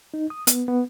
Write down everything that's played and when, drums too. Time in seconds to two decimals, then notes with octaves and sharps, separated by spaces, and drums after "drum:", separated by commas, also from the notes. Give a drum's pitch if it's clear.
0.14 D#4
0.30 D#6
0.47 B3, drum: hi-hat
0.68 B3